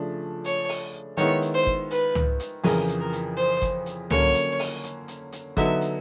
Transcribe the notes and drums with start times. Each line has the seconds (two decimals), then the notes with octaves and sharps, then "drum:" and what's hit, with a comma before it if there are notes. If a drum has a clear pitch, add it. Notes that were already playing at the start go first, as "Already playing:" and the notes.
Already playing: C#3 F3 A3 D4
0.45 C#5, drum: hi-hat
0.69 drum: open hi-hat
1.17 D#3 G#3 B3 E4 C#5, drum: hi-hat
1.42 drum: hi-hat
1.54 C5
1.66 drum: kick G1
1.91 B4, drum: hi-hat
2.15 drum: tom
2.40 drum: hi-hat
2.64 F2 C#3 E3 A#4, drum: open hi-hat
2.88 drum: hi-hat
3.00 A#4
3.13 drum: hi-hat
3.37 C5
3.62 drum: kick G1, hi-hat
3.86 drum: hi-hat
4.10 D3 F#3 A#3 C#4 C#5, drum: tom
4.35 drum: hi-hat
4.59 drum: open hi-hat
4.84 drum: hi-hat
5.08 drum: hi-hat
5.32 drum: hi-hat
5.57 D3 F#3 B3 D#4 E5, drum: kick G1, hi-hat
5.81 drum: hi-hat